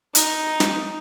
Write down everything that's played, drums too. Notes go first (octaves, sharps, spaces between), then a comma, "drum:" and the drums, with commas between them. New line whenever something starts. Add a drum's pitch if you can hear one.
D#4, drum: hi-hat
drum: snare